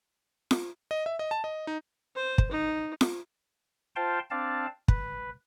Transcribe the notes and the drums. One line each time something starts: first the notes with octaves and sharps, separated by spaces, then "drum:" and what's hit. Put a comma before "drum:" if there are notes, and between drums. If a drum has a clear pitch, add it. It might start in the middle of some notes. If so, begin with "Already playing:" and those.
drum: snare F4
D#5
E5
D#5
A5
D#5
D#4
C5
drum: kick
D#4
drum: snare F4
F4 C5 F5 G5 A5 C6
C4 D4 D5 F5 A5
B4, drum: kick